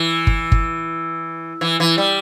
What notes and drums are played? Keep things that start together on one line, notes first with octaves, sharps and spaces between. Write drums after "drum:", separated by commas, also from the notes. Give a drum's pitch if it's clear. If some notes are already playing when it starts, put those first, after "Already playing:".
Already playing: E3
drum: kick G1
drum: kick G1
E3
E3
G3